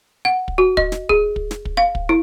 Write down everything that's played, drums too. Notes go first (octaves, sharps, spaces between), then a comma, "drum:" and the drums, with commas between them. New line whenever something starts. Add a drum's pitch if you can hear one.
F#5
drum: kick
F#4
D#5, drum: kick
drum: snare
G#4, drum: kick
drum: kick
drum: snare
drum: kick
F5
drum: kick
E4